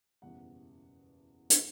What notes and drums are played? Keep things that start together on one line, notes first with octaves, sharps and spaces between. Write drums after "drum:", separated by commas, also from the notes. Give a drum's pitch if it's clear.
F#1 E2 B2 G3 F#5
drum: hi-hat